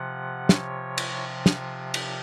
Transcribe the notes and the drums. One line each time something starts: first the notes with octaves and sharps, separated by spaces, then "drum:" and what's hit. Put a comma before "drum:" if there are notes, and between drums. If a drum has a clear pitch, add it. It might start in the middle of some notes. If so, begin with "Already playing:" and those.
Already playing: C3 F3 F#5
C#5, drum: snare
drum: cymbal
drum: snare
drum: cymbal